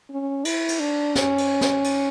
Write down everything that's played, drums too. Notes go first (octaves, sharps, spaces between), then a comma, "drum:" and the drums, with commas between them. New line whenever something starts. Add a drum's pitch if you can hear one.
C#4
E4, drum: cymbal
drum: cymbal
D4
C#4, drum: snare
drum: cymbal
drum: snare
drum: cymbal